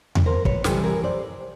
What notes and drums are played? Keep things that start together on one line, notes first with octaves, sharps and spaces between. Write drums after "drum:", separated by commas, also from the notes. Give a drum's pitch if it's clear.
drum: tom E2
A#4 C5
B4 C#5, drum: kick
C3 E3 G3 A4 B4, drum: snare
G#4 A#4
C5 D5